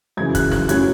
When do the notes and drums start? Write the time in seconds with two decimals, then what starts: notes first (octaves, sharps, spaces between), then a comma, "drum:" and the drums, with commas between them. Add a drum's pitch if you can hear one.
0.17 F#2 C#3 E3 G#6
0.35 F#6, drum: kick, hi-hat
0.52 F#6, drum: snare
0.69 A2 F#3 C#4 G#6, drum: hi-hat